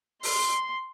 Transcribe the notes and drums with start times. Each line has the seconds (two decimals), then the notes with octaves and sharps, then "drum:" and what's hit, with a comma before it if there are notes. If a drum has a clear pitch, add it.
0.23 C6, drum: open hi-hat